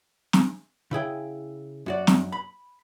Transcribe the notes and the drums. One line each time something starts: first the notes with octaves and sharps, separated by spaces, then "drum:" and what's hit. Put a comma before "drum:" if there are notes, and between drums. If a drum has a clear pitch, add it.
drum: snare
C#3 E4 G#4 G5
F#2 F#4 D5
drum: snare
B5